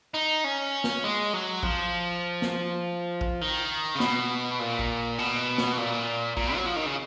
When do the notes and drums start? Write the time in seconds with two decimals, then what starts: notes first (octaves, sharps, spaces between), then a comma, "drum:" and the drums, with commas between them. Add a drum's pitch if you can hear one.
0.14 D#4
0.45 C#4
0.84 drum: snare
1.04 G#3
1.33 F#3
1.63 F3, drum: kick A1
2.42 drum: snare
3.21 drum: kick A1
3.41 D#3
3.95 C#3
4.00 B2, drum: snare
4.59 A#2
4.79 drum: kick A1
5.18 B2
5.58 drum: snare
5.78 A#2
6.37 A#2, drum: kick A1
6.56 F#3
6.66 F3
6.76 D#3
6.86 C#3